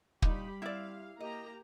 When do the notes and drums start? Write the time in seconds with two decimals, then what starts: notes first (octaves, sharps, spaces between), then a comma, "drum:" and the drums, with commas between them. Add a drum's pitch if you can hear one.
0.22 A#2 G3 D#4 G4 B5, drum: kick
0.62 C4 E4 D5 E5 F5
1.20 A#3 G4 D#5 A#5